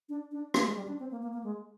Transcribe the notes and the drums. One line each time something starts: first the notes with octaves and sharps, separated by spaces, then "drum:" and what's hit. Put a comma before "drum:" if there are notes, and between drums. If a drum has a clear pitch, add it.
D4
D4
A#3, drum: rim click
G#3
G3
D4
C4
A#3
A#3
A#3
G#3